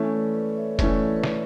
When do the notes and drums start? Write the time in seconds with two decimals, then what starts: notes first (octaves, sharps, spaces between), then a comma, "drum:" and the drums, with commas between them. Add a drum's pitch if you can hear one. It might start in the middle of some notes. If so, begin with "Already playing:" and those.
Already playing: E3 A3 C#4 A4 C#5
0.11 B4 D5
0.34 B4 D5
0.57 C#5 E5
0.79 E3 A3 C#4 B4 D5, drum: kick F1, hi-hat
1.16 B4
1.24 A4 C#5, drum: snare